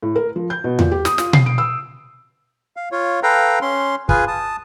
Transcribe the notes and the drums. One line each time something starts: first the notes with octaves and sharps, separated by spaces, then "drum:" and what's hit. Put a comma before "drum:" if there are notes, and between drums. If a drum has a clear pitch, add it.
A2
A#4
F3
G6
B2
A#2, drum: tom E2
G4
D#6, drum: snare
F4, drum: snare
C7, drum: tom B2
D7
E6
F5
F4 C#5
A4 B4 F5 G5 A#5
C#4 C6
F4 G#4 B4 G#5, drum: kick
A5 D#6